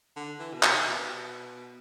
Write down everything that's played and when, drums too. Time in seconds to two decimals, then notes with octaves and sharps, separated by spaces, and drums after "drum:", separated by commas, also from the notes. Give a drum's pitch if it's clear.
0.16 D3
0.39 E3
0.53 B2
0.63 C3, drum: clap
0.87 B2